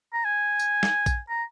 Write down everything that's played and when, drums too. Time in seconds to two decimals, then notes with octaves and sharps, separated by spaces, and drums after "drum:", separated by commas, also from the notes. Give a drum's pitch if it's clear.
0.13 A#5
0.24 G#5
0.59 drum: tambourine
0.83 drum: snare
1.06 drum: kick A#1, tambourine
1.29 A#5